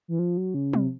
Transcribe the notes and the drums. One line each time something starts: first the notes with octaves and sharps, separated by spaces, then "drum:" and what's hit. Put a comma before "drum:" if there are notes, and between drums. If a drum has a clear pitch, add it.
E3
F3
F#3
C#3
C3, drum: tom